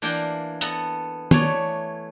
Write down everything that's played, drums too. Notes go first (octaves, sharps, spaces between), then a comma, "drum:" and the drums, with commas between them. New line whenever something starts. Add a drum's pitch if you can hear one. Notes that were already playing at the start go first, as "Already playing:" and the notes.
E3 A#3 D4 A#4 F#5 G5
B3 A4 F#5 A#5, drum: hi-hat
E3 A3 C#5 D5, drum: tom